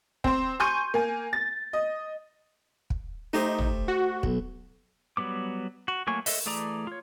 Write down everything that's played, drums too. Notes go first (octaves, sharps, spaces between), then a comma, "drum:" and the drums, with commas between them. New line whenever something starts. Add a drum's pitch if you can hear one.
C4 C5, drum: kick
G#5 C6 C#6 G6 D#7
A#3 G#5
A6
D#5
drum: kick
A3 D#4 G4 C5
drum: tom
F#4
B1, drum: kick
F#3 G3 B3 D6
F#4
F#3 A3 A#3 G#5 C#6
A4 D#5 E5, drum: open hi-hat
E3 A3 G#4 D5 A#5
F4 C#5